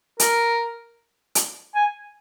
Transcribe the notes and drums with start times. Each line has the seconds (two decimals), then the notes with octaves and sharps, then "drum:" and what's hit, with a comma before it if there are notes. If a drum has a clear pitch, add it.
0.20 A#4, drum: hi-hat
1.35 drum: hi-hat
1.75 G#5